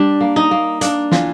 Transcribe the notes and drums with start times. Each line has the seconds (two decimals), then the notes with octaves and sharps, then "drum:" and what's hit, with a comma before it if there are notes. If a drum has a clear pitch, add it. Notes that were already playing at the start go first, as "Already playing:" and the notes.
Already playing: G3 D4
0.21 A#3
0.36 D#4
0.51 A#3
0.81 A#3 D4, drum: hi-hat
1.12 E3 F4, drum: snare